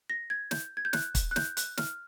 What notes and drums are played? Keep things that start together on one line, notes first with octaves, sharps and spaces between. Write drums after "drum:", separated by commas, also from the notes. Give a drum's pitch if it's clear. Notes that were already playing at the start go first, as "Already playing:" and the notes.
A#6
G#6
G6, drum: snare
G#6
G6
F#6, drum: snare
drum: kick, hi-hat
F#6
G6, drum: snare
F#6, drum: hi-hat
F6, drum: snare